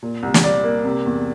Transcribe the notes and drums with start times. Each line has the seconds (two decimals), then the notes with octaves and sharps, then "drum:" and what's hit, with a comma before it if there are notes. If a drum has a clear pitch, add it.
0.03 A#2
0.23 C2
0.34 drum: snare
0.43 G3 D5
0.64 A#3
0.85 C3
1.05 E2